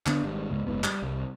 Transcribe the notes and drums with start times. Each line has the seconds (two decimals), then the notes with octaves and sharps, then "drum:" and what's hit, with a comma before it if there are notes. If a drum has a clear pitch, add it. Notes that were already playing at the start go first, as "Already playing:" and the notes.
0.06 D3 B3 D4, drum: clap
0.22 G#1 G#2 G3
0.51 C#2 G#2
0.67 F#1 E2 G#2 B3
0.84 G3, drum: clap
1.03 C2